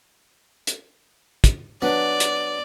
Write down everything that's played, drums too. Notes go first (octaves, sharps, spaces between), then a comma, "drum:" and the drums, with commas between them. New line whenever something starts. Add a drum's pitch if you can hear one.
drum: hi-hat
drum: kick, hi-hat
F#3 B3 D4 D5
drum: hi-hat